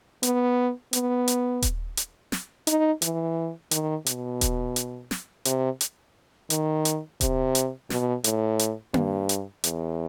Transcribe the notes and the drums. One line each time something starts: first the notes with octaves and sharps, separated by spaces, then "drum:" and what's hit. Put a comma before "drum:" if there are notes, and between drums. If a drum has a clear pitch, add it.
B3, drum: hi-hat
B3, drum: hi-hat
drum: hi-hat
drum: kick D#1, hi-hat
drum: hi-hat
drum: snare
D#4, drum: hi-hat
E3, drum: hi-hat
D#3, drum: hi-hat
B2, drum: hi-hat
drum: kick D#1, hi-hat
drum: hi-hat
drum: snare
C3, drum: hi-hat
drum: hi-hat
D#3, drum: hi-hat
drum: hi-hat
C3, drum: kick D#1, hi-hat
drum: hi-hat
B2, drum: snare
A2, drum: hi-hat
drum: hi-hat
G2, drum: tom A#3
drum: hi-hat
E2, drum: hi-hat